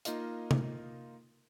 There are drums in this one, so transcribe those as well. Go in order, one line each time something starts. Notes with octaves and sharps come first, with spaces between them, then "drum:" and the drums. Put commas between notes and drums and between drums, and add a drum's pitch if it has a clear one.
A#3 D#4 F4 D#5 F5, drum: hi-hat
drum: tom